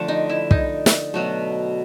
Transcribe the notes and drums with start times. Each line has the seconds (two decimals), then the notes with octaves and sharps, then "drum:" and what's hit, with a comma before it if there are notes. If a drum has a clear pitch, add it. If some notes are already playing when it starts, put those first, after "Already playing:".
Already playing: D3 F3 A3
0.08 D#4
0.29 E4
0.51 D#4, drum: kick
0.86 drum: snare
1.14 B2 F#3 A3